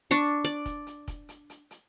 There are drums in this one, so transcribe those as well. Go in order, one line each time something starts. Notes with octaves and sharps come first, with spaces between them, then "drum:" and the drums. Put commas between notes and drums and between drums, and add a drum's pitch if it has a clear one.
D4 C#6
D5, drum: hi-hat
drum: kick, hi-hat
drum: hi-hat
drum: kick, hi-hat
drum: hi-hat
drum: hi-hat
drum: hi-hat